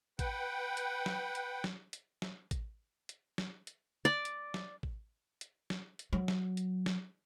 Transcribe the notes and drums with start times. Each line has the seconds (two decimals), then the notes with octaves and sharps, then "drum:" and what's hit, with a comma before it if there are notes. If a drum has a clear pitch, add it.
0.19 B4 F#5 G5, drum: kick A1, hi-hat
0.77 drum: hi-hat
1.06 drum: snare
1.35 drum: hi-hat
1.64 drum: snare
1.93 drum: hi-hat
2.22 drum: snare
2.51 drum: kick A1, hi-hat
3.09 drum: hi-hat
3.38 drum: snare
3.67 drum: hi-hat
4.05 D5
4.25 drum: hi-hat
4.54 drum: snare
4.83 drum: kick A1
5.41 drum: hi-hat
5.70 drum: snare
5.99 drum: hi-hat
6.13 F#3
6.28 drum: snare
6.57 drum: hi-hat
6.86 drum: snare